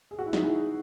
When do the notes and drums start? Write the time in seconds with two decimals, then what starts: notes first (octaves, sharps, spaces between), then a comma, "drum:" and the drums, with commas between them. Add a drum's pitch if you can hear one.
0.11 G#4
0.19 F#4
0.26 E4
0.33 D#4 F#4, drum: snare
0.43 E4 G#4